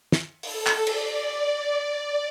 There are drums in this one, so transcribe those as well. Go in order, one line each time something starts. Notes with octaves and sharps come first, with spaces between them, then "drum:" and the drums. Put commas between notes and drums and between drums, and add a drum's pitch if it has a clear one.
drum: snare
A4, drum: open hi-hat
drum: clap
D5, drum: cymbal
D5